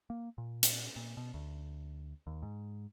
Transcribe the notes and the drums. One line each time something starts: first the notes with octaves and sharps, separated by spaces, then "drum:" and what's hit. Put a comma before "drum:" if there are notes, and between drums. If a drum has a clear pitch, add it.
A#3
A#2
drum: hi-hat
A#2
B2
D2
D#2
G#2